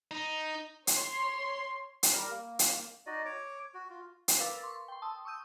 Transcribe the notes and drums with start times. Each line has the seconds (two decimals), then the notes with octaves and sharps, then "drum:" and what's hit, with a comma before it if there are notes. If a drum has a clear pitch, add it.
0.11 D#4
0.87 C#5 C6, drum: hi-hat
2.03 drum: hi-hat
2.13 G3 A#4
2.31 A#3
2.59 drum: hi-hat
3.06 D#4 F#4 D5 D#5
3.25 C#5 D6
3.74 F#4
3.90 F4
4.28 drum: hi-hat
4.39 A#4 B4 F5 D6 E6 A6
4.63 C6 C#6
4.88 G5 C6
5.02 A5 D#6 E6
5.25 C#6 D#6 E6 G6 D#7